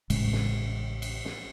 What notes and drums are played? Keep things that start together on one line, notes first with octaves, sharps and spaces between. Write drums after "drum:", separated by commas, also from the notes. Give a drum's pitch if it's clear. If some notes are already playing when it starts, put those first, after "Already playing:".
A1 A2 C#3 G#3, drum: cymbal
drum: snare
drum: cymbal
drum: snare